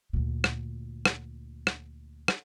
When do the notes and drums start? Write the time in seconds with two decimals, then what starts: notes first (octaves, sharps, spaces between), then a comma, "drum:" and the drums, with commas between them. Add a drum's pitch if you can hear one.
0.13 D2 A#2
0.44 drum: rim click
1.05 drum: rim click
1.67 drum: rim click
2.28 drum: rim click